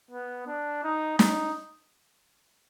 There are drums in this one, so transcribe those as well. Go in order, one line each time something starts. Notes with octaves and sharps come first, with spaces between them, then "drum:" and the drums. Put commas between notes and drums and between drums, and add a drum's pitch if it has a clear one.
B3
D4
D#4
D#4, drum: snare